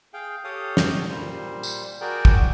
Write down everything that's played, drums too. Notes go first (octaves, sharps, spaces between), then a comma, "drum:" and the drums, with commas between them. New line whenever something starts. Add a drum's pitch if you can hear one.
G#4 F5 G5
G4 A4 C#5 F5 D#6
drum: snare
A#2 G3 C5
drum: tambourine
F#4 G#4 A#4 D5 G5
drum: kick